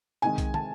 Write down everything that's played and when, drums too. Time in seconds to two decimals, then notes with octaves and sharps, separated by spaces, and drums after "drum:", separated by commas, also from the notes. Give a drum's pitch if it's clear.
0.22 C3 D#3 G#3 G#5
0.38 drum: kick B1, hi-hat
0.54 A5, drum: tom